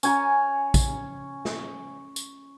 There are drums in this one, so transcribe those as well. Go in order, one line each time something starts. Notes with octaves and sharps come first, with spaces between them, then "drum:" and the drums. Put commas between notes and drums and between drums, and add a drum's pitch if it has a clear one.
C#4 G#5 A#5, drum: tambourine
drum: kick, tambourine
drum: snare
drum: tambourine